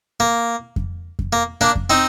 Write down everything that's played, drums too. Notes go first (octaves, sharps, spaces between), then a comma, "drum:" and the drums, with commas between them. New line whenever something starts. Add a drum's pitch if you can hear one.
A#3
drum: kick F2
drum: kick F2
A#3
A#3 D4
drum: kick F2
C4 D#4